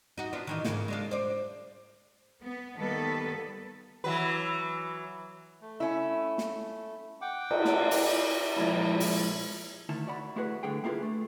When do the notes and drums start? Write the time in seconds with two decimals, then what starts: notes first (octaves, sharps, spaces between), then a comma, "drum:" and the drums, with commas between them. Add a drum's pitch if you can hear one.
0.18 D#4 F#4
0.33 B3 D4 F4
0.47 D#3 E3 D#4
0.64 G#2 C#3 A#3, drum: snare
0.88 G#3 D4 F4
1.11 C5 D5
2.42 B3
2.76 D#3 G3 A#3 B3 A4 B4
4.04 E3 F#3 B4
5.60 A3
5.80 C#4 E4
6.38 drum: snare
7.21 F#5 G5 D6
7.51 G3, drum: cymbal
7.65 drum: snare
7.80 F4
7.91 drum: open hi-hat
8.57 A#2 F3 G#3 E4
9.00 drum: open hi-hat
9.89 D2 D#3 E4 A5
10.07 F#4 D5 F#5 B5
10.36 A3 E4 F#4 G#4 B4 F#5
10.63 A2 D3 G3 G#4 G5
10.84 A#3 E4 F4 G#4 A4 B4
11.03 A3